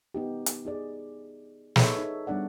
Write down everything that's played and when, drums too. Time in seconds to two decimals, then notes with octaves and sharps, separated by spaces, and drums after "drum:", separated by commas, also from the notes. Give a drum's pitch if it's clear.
0.15 B3 D#4 G4
0.46 drum: hi-hat
0.65 D#4 G#4 D5
1.76 D#4 G#4 A4 B4 C#5 E5, drum: snare
1.98 D#4
2.27 G3 B3 D4 D5 F#5